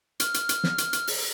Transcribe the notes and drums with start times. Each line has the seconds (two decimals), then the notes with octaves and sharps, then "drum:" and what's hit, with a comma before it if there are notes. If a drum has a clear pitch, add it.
0.20 F6, drum: hi-hat
0.34 drum: hi-hat
0.49 drum: hi-hat
0.64 drum: snare
0.78 drum: hi-hat
0.93 drum: hi-hat
1.07 drum: open hi-hat